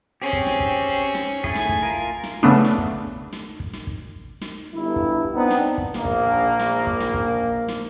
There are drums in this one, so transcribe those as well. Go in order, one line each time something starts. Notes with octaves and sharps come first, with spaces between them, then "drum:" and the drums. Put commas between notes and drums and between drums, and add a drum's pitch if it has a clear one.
C4 C#4 G4 G#4
drum: kick
drum: snare
drum: kick
drum: snare
A3 E4 G#4 G#5, drum: kick
drum: snare
drum: kick
F4 A#4
drum: snare
C#3 A3 B3 D4
drum: snare
drum: kick
drum: snare
drum: kick
drum: snare
drum: kick
drum: snare
G1 E4
drum: kick
B3 C4 D4 D#4
drum: snare
drum: kick
A#1 A#3, drum: snare
drum: kick
drum: snare
drum: kick
drum: snare
drum: kick
drum: snare